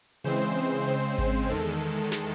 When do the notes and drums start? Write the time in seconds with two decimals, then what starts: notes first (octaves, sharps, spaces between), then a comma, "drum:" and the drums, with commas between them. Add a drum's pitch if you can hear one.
0.24 C#3 E3 G#3 C4 C5
0.87 C#3 G#3 C4 C5
1.18 drum: kick G#1
1.49 E2 D#3 G#3 A4
2.12 drum: snare